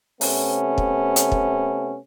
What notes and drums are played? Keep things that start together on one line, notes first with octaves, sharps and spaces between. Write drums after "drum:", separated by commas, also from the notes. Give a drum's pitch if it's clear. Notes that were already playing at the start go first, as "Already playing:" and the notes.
C3 A3 B3 C#4, drum: open hi-hat
drum: kick
drum: hi-hat
drum: kick